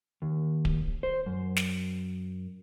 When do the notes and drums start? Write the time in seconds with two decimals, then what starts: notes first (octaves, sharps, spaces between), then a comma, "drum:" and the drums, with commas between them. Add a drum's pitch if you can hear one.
0.22 D#2
0.65 drum: kick D1
1.03 C5
1.26 F#2
1.56 drum: snare